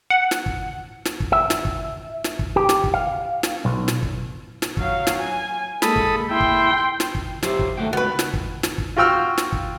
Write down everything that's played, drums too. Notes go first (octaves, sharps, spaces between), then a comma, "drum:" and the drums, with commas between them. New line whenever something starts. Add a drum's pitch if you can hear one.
F#5
drum: snare
drum: kick
drum: snare
drum: kick
E5
drum: snare
drum: kick
drum: snare
drum: kick
G4
drum: snare
drum: kick
F5
drum: snare
B1
drum: snare
drum: kick
drum: snare
F#3 F5, drum: kick
drum: snare
G#5
G#3 A#3 A4 B5 D#6, drum: snare
drum: kick
E4 G5 C6
drum: kick
drum: snare
drum: kick
F#3 G4 C5 E5, drum: snare
drum: kick
D#2 A3 F#4 G5
C#2 B3 F#4 B4
drum: snare
drum: kick
drum: snare
drum: kick
F4 F#4 G5 E6 F6
drum: snare
drum: kick